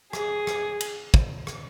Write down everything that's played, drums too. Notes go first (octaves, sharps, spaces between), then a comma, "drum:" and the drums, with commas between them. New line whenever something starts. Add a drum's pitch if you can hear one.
G#4, drum: rim click
drum: rim click
drum: cymbal
drum: kick
drum: rim click